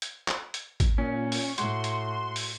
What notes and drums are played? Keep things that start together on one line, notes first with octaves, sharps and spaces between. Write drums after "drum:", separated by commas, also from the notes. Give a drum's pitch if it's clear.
drum: hi-hat
drum: clap
drum: hi-hat
drum: kick, hi-hat
A#2 C#4
drum: open hi-hat
A2 F#4 C6, drum: hi-hat
drum: hi-hat
drum: open hi-hat